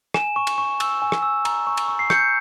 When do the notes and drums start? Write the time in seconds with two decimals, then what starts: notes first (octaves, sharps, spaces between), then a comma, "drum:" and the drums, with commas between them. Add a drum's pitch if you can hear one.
0.14 G#5 E7, drum: rim click
0.36 C#6
0.47 drum: cymbal
0.58 C#6
0.80 E6, drum: cymbal
1.02 G#5
1.12 drum: rim click
1.22 E6
1.45 A#5, drum: cymbal
1.67 C#6
1.77 drum: cymbal
1.88 C#6
1.99 C7
2.10 G6 C#7, drum: rim click